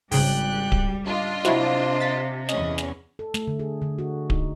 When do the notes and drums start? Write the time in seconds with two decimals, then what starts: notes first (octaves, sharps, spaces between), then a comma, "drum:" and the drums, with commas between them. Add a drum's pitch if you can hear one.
0.12 G#1 G#2 C#3 G3 G5 F#6, drum: open hi-hat
0.72 drum: kick D1
1.05 D4 F4 D#5
1.45 C3 F#3 E4 F#4 C5, drum: snare
2.00 A6 B6
2.49 E2 C#4 D#5, drum: snare
2.78 drum: snare
3.19 A4
3.34 A3, drum: snare
3.47 D3
3.59 G#4
3.82 D3
3.99 F#4
4.30 D#4, drum: kick D1